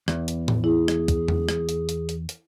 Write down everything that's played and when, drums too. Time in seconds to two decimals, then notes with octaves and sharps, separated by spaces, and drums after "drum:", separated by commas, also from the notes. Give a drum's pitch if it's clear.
0.08 E2, drum: rim click
0.28 drum: hi-hat
0.48 drum: tom A2
0.64 E4 G#4
0.88 drum: rim click
1.08 drum: kick, hi-hat
1.28 drum: tom E2
1.49 drum: rim click
1.69 drum: hi-hat
1.89 drum: hi-hat
2.09 drum: hi-hat
2.29 drum: hi-hat